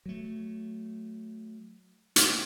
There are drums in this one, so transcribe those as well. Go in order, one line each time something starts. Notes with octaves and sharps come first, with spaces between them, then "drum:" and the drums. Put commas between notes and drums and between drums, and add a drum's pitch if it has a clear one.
F#3 A3
drum: hi-hat